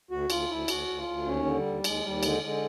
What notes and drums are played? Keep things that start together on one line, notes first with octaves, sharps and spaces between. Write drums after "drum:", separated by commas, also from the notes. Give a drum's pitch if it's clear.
D2 F#4
D2 F4, drum: cymbal
D2 E4
D2 F#4, drum: cymbal
D2
F4
D2
D#2 C#4
D3
G3
D#2
D#2 G#3, drum: cymbal
D#2 G3
D3 G#3, drum: cymbal
D3 G#3